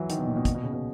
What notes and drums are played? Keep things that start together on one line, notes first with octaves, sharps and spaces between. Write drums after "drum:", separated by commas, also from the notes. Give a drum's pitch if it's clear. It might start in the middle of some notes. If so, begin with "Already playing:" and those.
Already playing: E3 F#3
D#3, drum: hi-hat
B2
A#2
B2
A#2, drum: kick, hi-hat
B2
C#3
B2